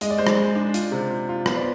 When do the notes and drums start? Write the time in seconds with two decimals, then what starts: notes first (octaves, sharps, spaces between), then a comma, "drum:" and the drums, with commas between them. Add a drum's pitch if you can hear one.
0.01 G#3 D#5, drum: hi-hat
0.10 D5
0.19 G#3 C5
0.27 D5, drum: rim click
0.37 G#3
0.55 D4
0.74 F4, drum: hi-hat
0.92 C3
1.10 F4
1.29 F4
1.46 B3 C5, drum: rim click
1.56 D5